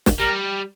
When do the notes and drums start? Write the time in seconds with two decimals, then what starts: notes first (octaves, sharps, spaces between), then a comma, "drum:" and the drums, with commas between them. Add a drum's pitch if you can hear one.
0.06 drum: snare
0.20 G3 A#4